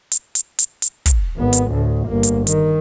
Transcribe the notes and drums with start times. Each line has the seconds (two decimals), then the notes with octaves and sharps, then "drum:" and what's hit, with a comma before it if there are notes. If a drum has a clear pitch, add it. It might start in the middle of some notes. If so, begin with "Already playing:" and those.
0.12 drum: hi-hat
0.35 drum: hi-hat
0.59 drum: hi-hat
0.82 drum: hi-hat
1.06 drum: kick, hi-hat
1.37 G#1 B3
1.53 drum: hi-hat
1.71 D2 A2
2.09 G1 A#3
2.23 drum: hi-hat
2.47 D#3, drum: hi-hat